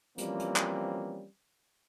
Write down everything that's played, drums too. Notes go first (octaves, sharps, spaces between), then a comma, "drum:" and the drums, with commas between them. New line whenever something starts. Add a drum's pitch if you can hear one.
E3 F3 G3 A#3 C4 C#4, drum: hi-hat
drum: hi-hat
drum: clap